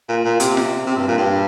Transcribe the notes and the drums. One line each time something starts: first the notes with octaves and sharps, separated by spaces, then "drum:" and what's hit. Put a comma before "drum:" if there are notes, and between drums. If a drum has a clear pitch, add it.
A#2
A#2
C3, drum: hi-hat
drum: snare F4
C3
G2
A#2
G2